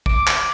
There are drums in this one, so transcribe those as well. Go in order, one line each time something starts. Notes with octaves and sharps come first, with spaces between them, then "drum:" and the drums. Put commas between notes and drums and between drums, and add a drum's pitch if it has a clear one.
D6, drum: kick
drum: clap